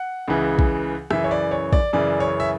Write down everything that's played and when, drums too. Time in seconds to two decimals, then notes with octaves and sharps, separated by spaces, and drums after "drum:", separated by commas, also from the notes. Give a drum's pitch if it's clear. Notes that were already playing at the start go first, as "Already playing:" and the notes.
Already playing: F#5
0.28 C#2 C#3 E3
0.59 drum: kick
1.11 F#2 C#3 E3 E5, drum: rim click
1.24 C#5
1.31 D5
1.51 C#5
1.73 D5, drum: kick
1.93 F#2 C#3 E3 D5
2.20 C#5
2.40 E5